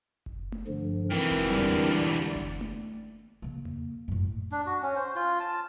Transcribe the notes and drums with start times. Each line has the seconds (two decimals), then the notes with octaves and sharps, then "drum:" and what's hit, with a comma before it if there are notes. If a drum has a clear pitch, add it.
0.26 drum: kick F#1
0.52 drum: tom A3
0.68 G2 D3 F3
1.10 G#2 E3 C4 A#4 G5
1.31 drum: kick F#1
1.46 E2 D3 G3
1.57 drum: tom E2
1.90 D5
2.35 drum: kick F#1
2.61 drum: tom A3
3.42 C#3 A#3
3.65 drum: tom E2
4.08 F#2 A2
4.52 D4
4.66 F#4
4.82 C#4
4.96 C5
5.16 F4
5.40 A5